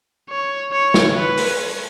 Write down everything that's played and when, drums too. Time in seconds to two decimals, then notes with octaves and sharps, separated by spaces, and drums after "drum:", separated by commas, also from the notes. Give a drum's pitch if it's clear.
0.30 C#5
0.73 C#5
0.94 drum: snare
1.16 B4
1.38 drum: open hi-hat